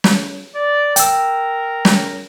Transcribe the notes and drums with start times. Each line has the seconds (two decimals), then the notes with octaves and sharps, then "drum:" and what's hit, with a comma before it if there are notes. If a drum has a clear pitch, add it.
0.04 drum: snare
0.56 D5
0.96 A#4 G5 E6, drum: hi-hat
1.85 drum: snare